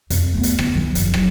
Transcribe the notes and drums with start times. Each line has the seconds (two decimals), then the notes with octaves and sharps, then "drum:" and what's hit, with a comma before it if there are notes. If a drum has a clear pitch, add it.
0.10 F2, drum: hi-hat
0.34 A3 B3
0.43 drum: hi-hat
0.59 D2 B3, drum: rim click
0.75 D#3 F3
0.95 F#1, drum: hi-hat
1.14 F#3, drum: rim click